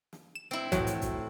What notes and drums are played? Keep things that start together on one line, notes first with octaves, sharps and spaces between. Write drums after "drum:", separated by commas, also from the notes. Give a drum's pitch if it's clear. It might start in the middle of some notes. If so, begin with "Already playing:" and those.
drum: snare
E7
C4 E4
A2 E3 F#3, drum: kick C2, hi-hat
drum: hi-hat
drum: kick C2, hi-hat